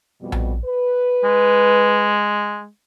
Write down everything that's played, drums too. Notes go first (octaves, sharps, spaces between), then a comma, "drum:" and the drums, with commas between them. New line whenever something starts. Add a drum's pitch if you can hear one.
F2 B2 G3
drum: tom A#1
B4
G#3